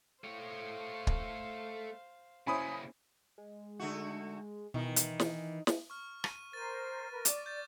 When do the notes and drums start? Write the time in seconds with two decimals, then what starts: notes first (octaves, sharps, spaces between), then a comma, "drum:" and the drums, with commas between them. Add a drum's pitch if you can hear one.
0.24 A3 C5 C#5 F5
1.07 drum: kick
2.47 C#3 A#3 C#4 E4 C5 G#5 B5 D#6
3.38 G#3
3.80 D3 A3 F#4
4.74 B2 D#3 E3
4.96 drum: hi-hat
5.20 drum: snare
5.67 drum: snare
5.90 C#6 F6
6.24 D#7, drum: rim click
6.53 A#4 C5 A6 D#7
7.11 A#4 B4
7.25 D5 D6, drum: hi-hat
7.46 G6 A6